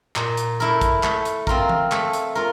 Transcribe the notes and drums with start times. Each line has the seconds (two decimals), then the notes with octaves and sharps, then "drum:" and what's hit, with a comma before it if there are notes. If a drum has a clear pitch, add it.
0.16 A#2, drum: clap
0.37 drum: hi-hat
0.60 A3 E4 A#4
0.81 drum: kick, hi-hat
1.03 A3, drum: clap
1.25 drum: hi-hat
1.47 C4 F4 A#4, drum: kick
1.69 drum: tom E3
1.92 A3, drum: clap
2.13 drum: hi-hat
2.35 F4 A#4